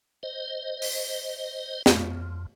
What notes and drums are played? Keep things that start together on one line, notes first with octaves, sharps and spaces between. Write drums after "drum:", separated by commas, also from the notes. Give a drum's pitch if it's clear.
C5 D#5
drum: open hi-hat
F2, drum: snare